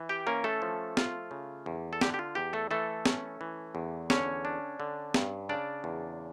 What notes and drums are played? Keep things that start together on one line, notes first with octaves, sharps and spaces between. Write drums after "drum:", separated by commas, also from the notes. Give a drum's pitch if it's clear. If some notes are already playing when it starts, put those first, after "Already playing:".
Already playing: E3
G4 G5
A#3 C#4 A#4
A3 A4
F3
F4, drum: snare
C#3
E2
A4
D3 G4, drum: snare
G4
F4
E2 G4
A3 A4
E3 A3 A4
C#4, drum: snare
E3
E2
D3 C#4 C#5, drum: snare
D4
D3
G2, drum: snare
C#3 D4 D5
E2